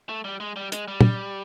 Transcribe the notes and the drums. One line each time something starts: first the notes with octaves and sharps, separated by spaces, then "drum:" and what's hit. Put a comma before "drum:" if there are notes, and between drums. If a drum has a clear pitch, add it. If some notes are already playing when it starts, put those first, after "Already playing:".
A3
G3
G#3
G3
G#3, drum: hi-hat
G3
drum: tom